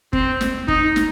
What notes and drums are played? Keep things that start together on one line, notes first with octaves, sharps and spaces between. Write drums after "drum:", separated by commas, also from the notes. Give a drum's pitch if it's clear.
C4, drum: kick G1
drum: snare
D#4, drum: kick G1
drum: snare